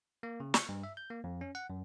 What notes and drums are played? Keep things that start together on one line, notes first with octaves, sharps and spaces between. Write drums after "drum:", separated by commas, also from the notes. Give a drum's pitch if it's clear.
A#3
C#3
C#6, drum: snare
G2
E5
G6
A#3
F2
C#4
F#5
F#2